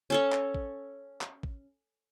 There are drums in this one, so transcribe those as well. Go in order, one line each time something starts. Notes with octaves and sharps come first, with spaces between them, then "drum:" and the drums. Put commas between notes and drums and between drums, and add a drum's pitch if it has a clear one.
C#4 A4 C#5
drum: clap
drum: kick A1
drum: clap
drum: kick A1